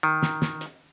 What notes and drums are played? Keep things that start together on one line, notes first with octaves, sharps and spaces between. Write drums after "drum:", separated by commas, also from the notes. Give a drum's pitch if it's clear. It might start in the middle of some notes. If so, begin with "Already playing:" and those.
D#3
drum: snare
drum: snare
drum: hi-hat